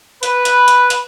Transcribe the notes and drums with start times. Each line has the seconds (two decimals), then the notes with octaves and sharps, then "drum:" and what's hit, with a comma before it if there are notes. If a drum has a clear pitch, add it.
0.23 B4, drum: hi-hat
0.45 drum: hi-hat
0.68 drum: hi-hat
0.90 drum: hi-hat